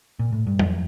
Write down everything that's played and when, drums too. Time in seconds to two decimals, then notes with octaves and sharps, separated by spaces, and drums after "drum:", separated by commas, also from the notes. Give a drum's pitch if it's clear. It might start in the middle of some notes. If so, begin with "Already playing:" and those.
0.19 A#2
0.32 A2
0.47 G2
0.59 F2, drum: tom